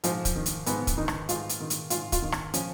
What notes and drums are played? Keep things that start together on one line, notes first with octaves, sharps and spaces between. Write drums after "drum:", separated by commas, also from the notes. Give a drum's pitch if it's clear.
G#2 F3, drum: hi-hat
drum: kick, hi-hat
D#3
drum: hi-hat
G#2 B3, drum: hi-hat
drum: kick, hi-hat
D#3 D#4
drum: rim click
G#2 F4, drum: hi-hat
drum: hi-hat
D#3
drum: hi-hat
G#2 F4, drum: hi-hat
F4, drum: kick, hi-hat
D#3
drum: rim click
F3 C#4, drum: hi-hat